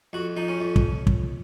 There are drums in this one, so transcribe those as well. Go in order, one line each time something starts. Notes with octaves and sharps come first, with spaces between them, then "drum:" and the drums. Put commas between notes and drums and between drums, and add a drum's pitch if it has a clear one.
F2 F#4
F3 D#4
C#4
F2
drum: kick
drum: kick